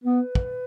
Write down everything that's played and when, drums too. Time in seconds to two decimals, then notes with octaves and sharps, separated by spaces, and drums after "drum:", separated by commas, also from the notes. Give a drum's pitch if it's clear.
0.03 B3 B4
0.35 drum: kick